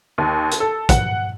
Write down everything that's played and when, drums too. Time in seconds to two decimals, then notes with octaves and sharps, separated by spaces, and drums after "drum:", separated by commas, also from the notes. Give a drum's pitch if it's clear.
0.18 D#2
0.51 drum: hi-hat
0.60 A4
0.89 F#5, drum: kick, hi-hat